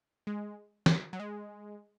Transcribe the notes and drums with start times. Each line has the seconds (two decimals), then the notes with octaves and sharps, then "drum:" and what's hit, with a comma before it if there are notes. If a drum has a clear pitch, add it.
0.27 G#3
0.86 drum: snare
1.13 F#3
1.20 G#3